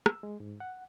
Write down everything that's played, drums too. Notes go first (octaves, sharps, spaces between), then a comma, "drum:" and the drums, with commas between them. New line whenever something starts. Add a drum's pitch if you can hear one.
E6, drum: rim click
G#3
G#2
F#5